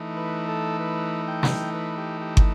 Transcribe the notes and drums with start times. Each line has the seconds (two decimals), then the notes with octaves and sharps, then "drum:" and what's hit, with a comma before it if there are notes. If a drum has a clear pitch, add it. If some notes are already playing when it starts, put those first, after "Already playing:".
Already playing: E3 A3 D#4
0.17 B4
0.49 A4
0.80 B4
1.28 G5
1.43 drum: snare
1.74 B4
1.98 G4
2.21 G4
2.37 drum: kick